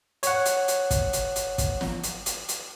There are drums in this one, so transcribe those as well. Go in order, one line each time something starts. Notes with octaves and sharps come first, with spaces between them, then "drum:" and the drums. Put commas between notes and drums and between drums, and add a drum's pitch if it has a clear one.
C#5 F#5, drum: hi-hat
drum: hi-hat
drum: hi-hat
drum: kick, hi-hat
drum: hi-hat
drum: hi-hat
drum: kick, hi-hat
drum: snare
drum: hi-hat
drum: hi-hat
drum: hi-hat